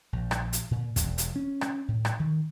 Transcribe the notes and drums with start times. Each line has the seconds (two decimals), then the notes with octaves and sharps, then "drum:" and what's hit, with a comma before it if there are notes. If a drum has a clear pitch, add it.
0.13 A#1
0.31 drum: rim click
0.53 drum: hi-hat
0.71 A#2
0.96 E1, drum: kick, hi-hat
1.18 drum: hi-hat
1.36 C#4
1.61 drum: rim click
1.88 A2
2.05 drum: rim click
2.20 D#3